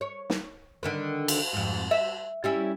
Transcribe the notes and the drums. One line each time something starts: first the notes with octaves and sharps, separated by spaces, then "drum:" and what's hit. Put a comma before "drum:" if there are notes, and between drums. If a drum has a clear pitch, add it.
C#5
drum: snare
D3 D#3 B4
drum: cymbal
F2 G#2
E5
G3 C#4 E4